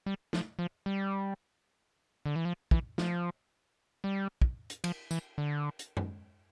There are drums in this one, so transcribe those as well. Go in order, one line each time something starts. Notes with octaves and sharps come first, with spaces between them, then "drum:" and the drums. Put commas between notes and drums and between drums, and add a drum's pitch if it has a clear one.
G3
F3, drum: snare
F3
G3
D3
E3
F3
E3, drum: kick
F3, drum: snare
G3
drum: kick
drum: hi-hat
F3, drum: cymbal
E3, drum: tambourine
D3
drum: hi-hat
drum: tom F#2